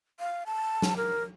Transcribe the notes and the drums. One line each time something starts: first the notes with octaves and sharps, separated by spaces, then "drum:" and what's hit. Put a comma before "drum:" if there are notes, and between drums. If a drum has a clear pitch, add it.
F5
A5
drum: snare
A#4